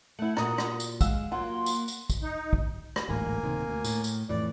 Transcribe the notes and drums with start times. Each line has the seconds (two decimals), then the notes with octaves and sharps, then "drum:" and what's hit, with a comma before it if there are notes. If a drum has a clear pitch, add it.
0.19 A3 E4 F#5
0.37 A#2 F#4 A#5 D#6, drum: rim click
0.58 drum: rim click
0.80 drum: tambourine
1.01 G#3 F5 F#5 E6, drum: kick, tambourine
1.32 F#3 A#3 F4 F#5 C6
1.66 drum: tambourine
1.88 drum: tambourine
2.10 drum: kick, tambourine
2.23 D#4
2.53 drum: kick
2.96 drum: rim click
3.09 D1 A1 G#2 A#3 G#5
3.44 D1 C3 D#3
3.69 D2
3.85 A2, drum: tambourine
4.04 drum: tambourine
4.29 F2 A2 E3 D5